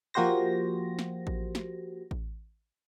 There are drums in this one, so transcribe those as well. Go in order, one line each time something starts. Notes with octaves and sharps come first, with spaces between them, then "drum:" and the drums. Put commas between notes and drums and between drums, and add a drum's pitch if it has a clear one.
F3 A#3 F#4 G4 C5 A#6
drum: snare
drum: kick A1
drum: snare
drum: kick A1